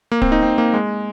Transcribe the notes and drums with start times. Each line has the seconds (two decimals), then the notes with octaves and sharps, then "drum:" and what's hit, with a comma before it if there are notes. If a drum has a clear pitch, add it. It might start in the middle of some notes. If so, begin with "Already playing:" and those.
0.12 A#3
0.22 C4, drum: kick D1
0.32 D#4
0.42 C4
0.58 A#3
0.73 G#3